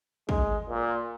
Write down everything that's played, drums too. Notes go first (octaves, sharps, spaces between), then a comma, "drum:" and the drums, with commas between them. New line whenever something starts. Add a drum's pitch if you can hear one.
G#3, drum: kick
A#2